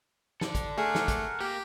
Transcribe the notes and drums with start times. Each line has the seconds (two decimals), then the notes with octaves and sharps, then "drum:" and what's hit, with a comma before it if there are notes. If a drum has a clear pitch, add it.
0.41 A4 D5, drum: snare
0.55 drum: kick, hi-hat
0.78 A3 G#4 A#4 F#5
0.95 drum: snare
1.08 drum: kick, hi-hat
1.41 A#3 G4